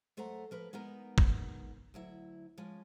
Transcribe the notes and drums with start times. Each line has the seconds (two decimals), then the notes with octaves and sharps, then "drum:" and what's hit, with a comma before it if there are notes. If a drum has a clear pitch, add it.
0.17 F#2 A3 C5 F#5 A#5
0.51 F3 A#4 B4
0.73 G#3 B3 D#4 A#4
1.18 drum: kick
1.94 D2 F#3 E4
2.58 F3 G#3 C#4